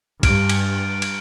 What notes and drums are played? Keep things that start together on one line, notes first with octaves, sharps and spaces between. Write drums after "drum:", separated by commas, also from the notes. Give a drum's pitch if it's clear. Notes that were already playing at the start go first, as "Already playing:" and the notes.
G2 F6 D7, drum: kick B1, cymbal
drum: cymbal
drum: cymbal